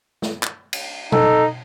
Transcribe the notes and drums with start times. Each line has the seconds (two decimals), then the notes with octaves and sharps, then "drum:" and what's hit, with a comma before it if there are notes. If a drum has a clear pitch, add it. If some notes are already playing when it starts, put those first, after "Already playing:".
0.22 drum: snare
0.43 drum: clap
0.73 drum: cymbal
1.12 D#4 A4, drum: tom B2